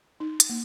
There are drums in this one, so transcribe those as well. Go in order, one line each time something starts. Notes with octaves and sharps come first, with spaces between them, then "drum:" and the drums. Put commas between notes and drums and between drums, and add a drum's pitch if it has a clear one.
D#4
drum: hi-hat
A#3